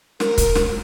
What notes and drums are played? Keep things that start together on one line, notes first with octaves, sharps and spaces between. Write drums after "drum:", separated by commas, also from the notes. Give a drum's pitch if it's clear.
A#4, drum: snare
drum: kick C#1, hi-hat
drum: snare